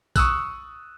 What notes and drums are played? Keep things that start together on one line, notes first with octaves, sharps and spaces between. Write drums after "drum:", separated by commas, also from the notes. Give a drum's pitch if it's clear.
C#6 D#6 E6 F#6, drum: kick, tambourine